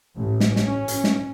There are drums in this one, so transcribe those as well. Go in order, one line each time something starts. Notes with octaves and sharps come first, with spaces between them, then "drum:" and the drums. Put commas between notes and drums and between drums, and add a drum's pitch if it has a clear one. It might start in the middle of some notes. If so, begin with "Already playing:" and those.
A1
drum: snare
C#4, drum: snare
drum: hi-hat
drum: snare